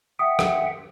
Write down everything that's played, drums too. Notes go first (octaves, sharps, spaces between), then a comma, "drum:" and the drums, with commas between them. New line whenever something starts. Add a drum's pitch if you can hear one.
E5 F#5 G5 D#6
drum: rim click